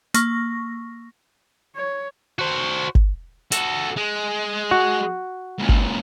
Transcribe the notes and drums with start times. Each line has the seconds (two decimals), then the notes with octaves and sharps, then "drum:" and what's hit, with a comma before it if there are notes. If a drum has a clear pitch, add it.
0.14 A#3 C#6 A#6, drum: hi-hat
1.76 C#5
2.39 F#4 C5
2.95 drum: kick G1
3.52 F#4 A4, drum: hi-hat
3.97 G#3
4.71 F#4
5.59 C#2 A#2
5.69 drum: kick G1